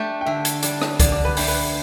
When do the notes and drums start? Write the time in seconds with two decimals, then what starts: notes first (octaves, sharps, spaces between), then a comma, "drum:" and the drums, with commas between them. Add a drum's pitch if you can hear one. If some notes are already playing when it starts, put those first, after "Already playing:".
Already playing: A3 D4 G4
0.21 G5
0.26 D3 E5
0.45 drum: hi-hat
0.63 G3 D4 D5, drum: hi-hat
0.82 drum: rim click
1.00 D3 D5, drum: kick C#2, hi-hat
1.12 D5
1.25 B4
1.37 A3 D4 G4, drum: open hi-hat
1.48 B4